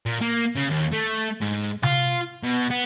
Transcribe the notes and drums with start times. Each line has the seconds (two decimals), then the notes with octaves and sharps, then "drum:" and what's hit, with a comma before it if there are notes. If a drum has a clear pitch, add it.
0.06 A#2
0.22 A#3
0.56 C#3
0.71 D#2
0.93 A3
1.41 G#2
1.83 F4, drum: tom C3
2.43 B2
2.70 B3